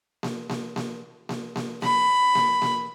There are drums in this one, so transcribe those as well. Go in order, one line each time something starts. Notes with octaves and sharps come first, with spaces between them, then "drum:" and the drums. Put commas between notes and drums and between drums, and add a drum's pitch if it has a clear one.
drum: snare A#3
drum: snare A#3
drum: snare A#3
drum: snare A#3
drum: snare A#3
B5, drum: snare A#3
drum: snare A#3
drum: snare A#3